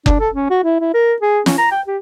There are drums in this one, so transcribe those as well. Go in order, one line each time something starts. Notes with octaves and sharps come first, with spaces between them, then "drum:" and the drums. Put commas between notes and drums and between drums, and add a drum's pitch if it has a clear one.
D4, drum: kick F#1
A4
C#4
F#4
E4
E4
A#4
G#4
C#4, drum: snare
A#5
G5
G4